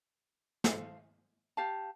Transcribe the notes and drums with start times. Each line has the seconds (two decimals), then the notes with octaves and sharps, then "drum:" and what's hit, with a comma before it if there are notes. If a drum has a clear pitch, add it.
0.64 A4 C5 F5, drum: snare
1.57 G4 F5 A5